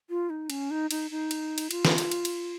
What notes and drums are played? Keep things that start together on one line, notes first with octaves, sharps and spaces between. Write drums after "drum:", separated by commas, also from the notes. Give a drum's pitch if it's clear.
F4
D#4
C#4, drum: cymbal
D#4
D#4, drum: cymbal
D#4
drum: cymbal
drum: cymbal
F4, drum: cymbal
drum: snare
drum: cymbal
drum: cymbal
drum: cymbal